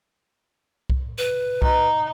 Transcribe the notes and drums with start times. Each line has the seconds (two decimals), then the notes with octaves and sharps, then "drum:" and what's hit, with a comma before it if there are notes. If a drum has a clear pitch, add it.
0.90 drum: kick C2
1.18 B4
1.62 D#4, drum: kick C2